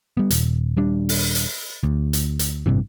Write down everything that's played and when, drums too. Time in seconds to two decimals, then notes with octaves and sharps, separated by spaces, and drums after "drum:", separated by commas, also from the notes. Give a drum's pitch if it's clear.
0.17 G3 B3
0.31 D#1, drum: hi-hat
0.77 D#1 G3 D4
1.09 drum: open hi-hat
1.35 drum: hi-hat
1.83 D2
2.13 drum: hi-hat
2.39 drum: hi-hat
2.66 A1 G2 C3 E3